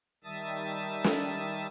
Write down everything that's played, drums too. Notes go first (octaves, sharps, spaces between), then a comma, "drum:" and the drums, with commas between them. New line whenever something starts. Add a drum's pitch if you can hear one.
D#3 G3 E5 A5 D#6 A6
drum: snare